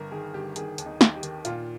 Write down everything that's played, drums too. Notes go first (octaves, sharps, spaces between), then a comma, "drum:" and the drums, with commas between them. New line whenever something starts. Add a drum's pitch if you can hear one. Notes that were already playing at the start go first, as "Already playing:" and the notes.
Already playing: G1 G2 A#4
D#3 G#4
G1 G4
D#3 G#4, drum: hi-hat
D#2, drum: hi-hat
D#4
D#2, drum: snare
G4
D#3, drum: hi-hat
A#2 F4, drum: hi-hat